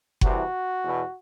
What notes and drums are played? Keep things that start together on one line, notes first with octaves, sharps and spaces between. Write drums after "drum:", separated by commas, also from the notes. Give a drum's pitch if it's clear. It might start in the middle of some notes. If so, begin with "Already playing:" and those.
C2 C3 E3 F#4, drum: kick F#1
E2 B2